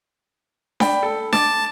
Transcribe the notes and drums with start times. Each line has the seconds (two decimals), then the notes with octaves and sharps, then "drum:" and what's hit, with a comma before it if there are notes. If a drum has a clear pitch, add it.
0.80 D5 G5 B5, drum: snare D4
1.03 A4
1.33 A5 D6 A6, drum: snare D4